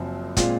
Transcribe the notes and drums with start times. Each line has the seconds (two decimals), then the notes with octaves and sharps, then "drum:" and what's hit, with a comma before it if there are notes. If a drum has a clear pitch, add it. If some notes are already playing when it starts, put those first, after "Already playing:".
Already playing: F#1 F#2 F3 C4
0.37 A#2 G#3 C4 F4, drum: kick, hi-hat